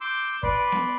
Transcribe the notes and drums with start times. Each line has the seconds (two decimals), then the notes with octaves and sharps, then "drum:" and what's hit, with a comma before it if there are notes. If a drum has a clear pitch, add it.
0.01 C6 D6 E6 G6
0.43 B4 D5 C6, drum: kick
0.72 drum: snare B3